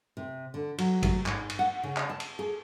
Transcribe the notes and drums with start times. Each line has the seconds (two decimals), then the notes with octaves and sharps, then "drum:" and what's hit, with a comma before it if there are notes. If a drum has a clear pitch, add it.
0.17 C3
0.54 D3
0.78 F#3, drum: cymbal
1.03 drum: kick G#1, cymbal
1.26 G#2, drum: clap
1.50 drum: cymbal
1.59 F#5
1.83 C#3
1.96 drum: clap
2.09 A5
2.20 drum: cymbal
2.39 G#4